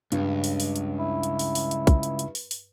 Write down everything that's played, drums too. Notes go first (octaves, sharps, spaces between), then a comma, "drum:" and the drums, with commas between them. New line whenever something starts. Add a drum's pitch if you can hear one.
C#2 G2, drum: hi-hat
drum: open hi-hat
drum: open hi-hat
drum: hi-hat
E4
drum: hi-hat
drum: open hi-hat
drum: open hi-hat
drum: hi-hat
drum: kick, hi-hat
drum: hi-hat
drum: hi-hat
drum: open hi-hat
drum: open hi-hat